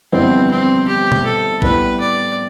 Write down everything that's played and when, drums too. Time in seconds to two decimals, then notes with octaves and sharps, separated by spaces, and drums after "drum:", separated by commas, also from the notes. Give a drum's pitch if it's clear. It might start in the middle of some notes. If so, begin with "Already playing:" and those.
0.12 G1 F2 E3 G3 B3 C4
0.51 C4
0.87 G4
1.12 drum: tom B2
1.25 A4
1.62 A2 G3 B3 B4, drum: kick
2.00 D5